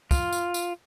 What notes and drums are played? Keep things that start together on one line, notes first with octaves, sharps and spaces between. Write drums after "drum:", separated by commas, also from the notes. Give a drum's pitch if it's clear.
F4, drum: kick, tambourine
drum: tambourine
drum: tambourine